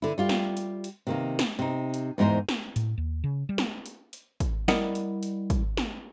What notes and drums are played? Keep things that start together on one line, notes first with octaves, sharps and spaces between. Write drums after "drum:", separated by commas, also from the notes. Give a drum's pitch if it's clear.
D3 E4
G3 F4 G4
drum: snare
drum: hi-hat
drum: hi-hat
C3 D#3 A#3
drum: snare
C3 D#4
drum: hi-hat
E2 G#2 D#4 A#4 C5
drum: snare
A2, drum: hi-hat
D#2
C#3
G3
drum: snare
drum: hi-hat
drum: hi-hat
drum: kick, hi-hat
G3 E4 A#4 D5 D#5 F#5, drum: snare
drum: hi-hat
drum: hi-hat
drum: kick, hi-hat
drum: snare